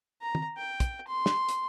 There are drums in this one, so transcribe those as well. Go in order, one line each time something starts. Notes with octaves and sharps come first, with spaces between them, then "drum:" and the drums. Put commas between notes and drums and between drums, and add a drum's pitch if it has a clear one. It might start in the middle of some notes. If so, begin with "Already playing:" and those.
A#5
drum: tom
G5
drum: kick, hi-hat
C6
drum: snare
drum: hi-hat